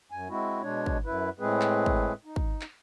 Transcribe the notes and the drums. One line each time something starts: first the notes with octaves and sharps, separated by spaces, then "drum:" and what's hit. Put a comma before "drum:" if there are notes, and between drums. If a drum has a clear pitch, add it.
F#2 G#5
G#3 C4 E4 F#4
B2 G#3 D4 C#5
drum: kick
F#2 E4 B4
A2 G#3 C4 G#4 B4
drum: clap
drum: kick
D#4
drum: kick
drum: clap